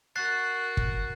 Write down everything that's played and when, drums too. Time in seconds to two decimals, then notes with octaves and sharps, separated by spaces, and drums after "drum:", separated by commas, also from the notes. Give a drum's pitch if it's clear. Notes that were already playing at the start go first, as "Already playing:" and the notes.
0.16 F#4 A#4 F#6 A6 C7
0.77 drum: kick